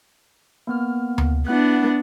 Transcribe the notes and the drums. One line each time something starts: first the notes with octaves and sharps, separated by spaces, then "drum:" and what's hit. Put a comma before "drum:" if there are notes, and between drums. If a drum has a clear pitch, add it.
A#3 B3 F6
drum: tom D2
B3 D4 E4 F#5 F#6